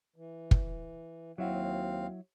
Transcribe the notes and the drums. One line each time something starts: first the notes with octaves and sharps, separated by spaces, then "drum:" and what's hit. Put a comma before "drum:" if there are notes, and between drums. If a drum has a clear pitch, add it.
E3
drum: kick
D#2 F#3 C4 E4 F#4 F5